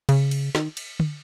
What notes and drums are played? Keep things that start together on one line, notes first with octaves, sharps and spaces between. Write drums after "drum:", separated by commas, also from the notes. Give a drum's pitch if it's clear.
C#3, drum: cymbal
drum: cymbal
D#3, drum: snare
drum: cymbal
drum: tom